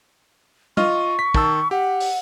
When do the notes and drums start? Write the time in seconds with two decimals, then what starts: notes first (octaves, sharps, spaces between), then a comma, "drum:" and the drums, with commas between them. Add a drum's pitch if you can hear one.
0.77 F4 D#5 C#6 F6, drum: tom
1.19 B6
1.34 D#3 A5 E6, drum: kick
1.71 G4 F#5
2.00 drum: open hi-hat